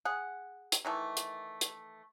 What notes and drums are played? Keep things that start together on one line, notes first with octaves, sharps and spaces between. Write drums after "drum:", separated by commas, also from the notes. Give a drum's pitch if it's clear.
G#4 F#5
drum: hi-hat
D#3 E3 A3
drum: hi-hat
drum: hi-hat